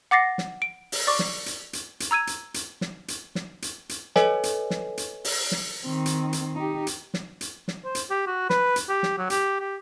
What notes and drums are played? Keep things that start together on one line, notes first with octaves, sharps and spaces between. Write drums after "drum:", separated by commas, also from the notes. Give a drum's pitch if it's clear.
F#5 D6 A6 A#6 C7
drum: snare
D7
drum: open hi-hat
D5 C#6 D6
drum: snare
drum: hi-hat
drum: hi-hat
drum: hi-hat
A#5 E6 G#6 D#7
drum: hi-hat
drum: hi-hat
drum: snare
drum: hi-hat
drum: snare
drum: hi-hat
drum: hi-hat
A4 B4 C#5 D#5 G#5, drum: snare
drum: hi-hat
drum: snare
drum: hi-hat
drum: open hi-hat
drum: snare
D#3 C4
drum: hi-hat
drum: hi-hat
D#4 G4
drum: hi-hat
drum: snare
drum: hi-hat
drum: snare
C5
drum: hi-hat
G4
F#4
B4, drum: snare
drum: hi-hat
G4
drum: snare
F#3
G4, drum: hi-hat
G4